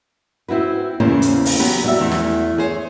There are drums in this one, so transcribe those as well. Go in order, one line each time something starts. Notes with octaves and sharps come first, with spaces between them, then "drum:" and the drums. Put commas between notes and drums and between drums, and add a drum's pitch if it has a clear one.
C4 E4 F#4 B4
E2 C#3 E3 A#3 C5
drum: hi-hat
drum: open hi-hat
F#3 B3 G4 B4
G3 F#4 E5
E2 E3 A3 E4
drum: snare
G#4 C5 C#5